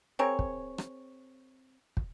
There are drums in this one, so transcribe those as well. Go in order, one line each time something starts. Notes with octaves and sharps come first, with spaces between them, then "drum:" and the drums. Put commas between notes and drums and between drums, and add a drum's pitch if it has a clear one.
C4 G#4 A#4 C#5
drum: kick
drum: rim click
drum: kick